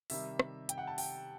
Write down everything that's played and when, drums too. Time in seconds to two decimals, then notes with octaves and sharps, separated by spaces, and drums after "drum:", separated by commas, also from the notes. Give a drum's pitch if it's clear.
0.10 C3 D#3 G3 E5, drum: open hi-hat
0.39 drum: rim click
0.69 G5, drum: hi-hat
0.78 F#5
0.87 A5
0.98 G5, drum: open hi-hat